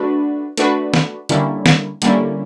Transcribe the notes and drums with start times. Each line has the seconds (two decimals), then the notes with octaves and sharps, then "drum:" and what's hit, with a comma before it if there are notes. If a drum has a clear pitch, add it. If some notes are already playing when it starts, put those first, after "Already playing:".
Already playing: A3 D4 F#4 B4
0.57 A3 D4 F#4 B4, drum: hi-hat
0.94 drum: snare
1.29 D3 G3 A#3 C#4 E4, drum: hi-hat
1.66 drum: snare
2.02 D3 G3 A#3 C#4 E4, drum: hi-hat